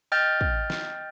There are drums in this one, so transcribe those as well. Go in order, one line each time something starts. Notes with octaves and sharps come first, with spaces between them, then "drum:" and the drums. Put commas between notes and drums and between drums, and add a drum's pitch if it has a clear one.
D#5 G5 F6 G6 A6
drum: kick
drum: snare